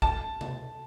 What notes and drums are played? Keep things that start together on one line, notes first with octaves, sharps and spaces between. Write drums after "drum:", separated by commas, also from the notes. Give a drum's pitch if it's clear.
A5, drum: kick
drum: tom C3